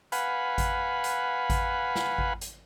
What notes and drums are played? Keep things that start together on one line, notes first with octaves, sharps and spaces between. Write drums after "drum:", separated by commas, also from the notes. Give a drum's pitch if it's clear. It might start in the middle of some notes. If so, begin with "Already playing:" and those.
B4 F5 F#5 G#5 B5, drum: hi-hat
drum: kick G#1, hi-hat
drum: hi-hat
drum: kick G#1, hi-hat
drum: snare
drum: kick G#1
drum: hi-hat